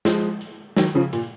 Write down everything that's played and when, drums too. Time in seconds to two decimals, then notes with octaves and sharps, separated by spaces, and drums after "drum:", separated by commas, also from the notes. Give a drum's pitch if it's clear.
0.05 F3 G#3, drum: snare
0.41 drum: hi-hat
0.77 D#3 F#3, drum: snare
0.95 C#3 F3
1.13 A#2, drum: hi-hat